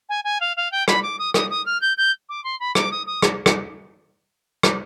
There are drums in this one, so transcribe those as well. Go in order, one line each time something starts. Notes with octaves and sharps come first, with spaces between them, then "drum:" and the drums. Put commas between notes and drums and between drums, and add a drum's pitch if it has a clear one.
G#5
G#5
F5
F5
G5
B5, drum: rim click
D6
D#6
D#6, drum: rim click
D#6
F6
G6
G6
D6
C6
B5
D6, drum: rim click
D#6
D#6
drum: rim click
drum: rim click
drum: rim click